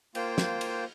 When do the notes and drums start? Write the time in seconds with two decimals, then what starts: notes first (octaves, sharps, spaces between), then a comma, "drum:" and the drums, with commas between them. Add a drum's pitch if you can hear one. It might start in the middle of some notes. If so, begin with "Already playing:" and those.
0.15 A#3 F4 C5 G5, drum: cymbal
0.38 drum: snare
0.61 drum: cymbal